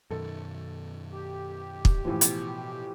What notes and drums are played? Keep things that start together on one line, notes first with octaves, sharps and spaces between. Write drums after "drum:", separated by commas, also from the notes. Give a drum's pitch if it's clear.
F#2 B2 D#3 A4
G4
drum: kick
A2 E3 F3
B2, drum: hi-hat